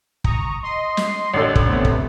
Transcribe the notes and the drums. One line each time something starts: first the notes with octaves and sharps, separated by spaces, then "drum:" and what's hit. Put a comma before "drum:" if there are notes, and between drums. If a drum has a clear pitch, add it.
A#5 C#6 D#6, drum: kick
D#5 C6
drum: snare
A1 D3 A4
drum: kick
C3 A3 B3
drum: kick